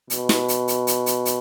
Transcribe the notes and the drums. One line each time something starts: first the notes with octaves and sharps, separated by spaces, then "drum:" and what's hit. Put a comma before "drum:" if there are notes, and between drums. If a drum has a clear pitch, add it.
B2, drum: hi-hat
drum: snare
drum: hi-hat
drum: hi-hat
drum: hi-hat
drum: hi-hat
drum: hi-hat